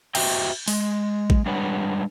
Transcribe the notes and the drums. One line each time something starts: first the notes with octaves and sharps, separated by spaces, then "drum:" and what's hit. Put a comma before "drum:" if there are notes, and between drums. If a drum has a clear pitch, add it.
F#4 G4 C5 D#5 E5 G5, drum: cymbal
G#3, drum: open hi-hat
drum: kick A1
G3 G#3 D4 B4 C#5 F#5